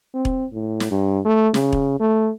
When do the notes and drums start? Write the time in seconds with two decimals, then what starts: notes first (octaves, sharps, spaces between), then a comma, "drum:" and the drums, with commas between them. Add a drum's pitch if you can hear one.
0.14 C4
0.25 drum: kick E1
0.53 A2
0.80 drum: snare
0.91 G2
1.25 A3
1.54 C#3, drum: snare
1.73 drum: kick E1
2.00 A3